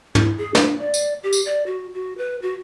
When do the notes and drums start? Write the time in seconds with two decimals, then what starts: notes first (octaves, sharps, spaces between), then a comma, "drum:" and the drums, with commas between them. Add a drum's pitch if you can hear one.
0.15 E4, drum: tom
0.38 G#4
0.55 D4, drum: snare
0.78 D5
0.94 drum: tambourine
1.23 G4
1.33 drum: tambourine
1.45 D5
1.66 F#4
1.94 F#4
2.18 B4
2.42 F#4